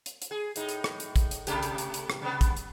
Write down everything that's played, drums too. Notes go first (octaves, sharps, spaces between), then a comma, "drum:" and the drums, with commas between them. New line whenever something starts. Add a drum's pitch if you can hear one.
drum: hi-hat
drum: hi-hat
G#4
A2 D#4, drum: hi-hat
drum: hi-hat
drum: rim click
drum: hi-hat
drum: kick, hi-hat
drum: hi-hat
C3 A3 G4, drum: hi-hat
drum: hi-hat
drum: hi-hat
drum: hi-hat
drum: rim click
C3 B3
drum: kick, hi-hat
drum: hi-hat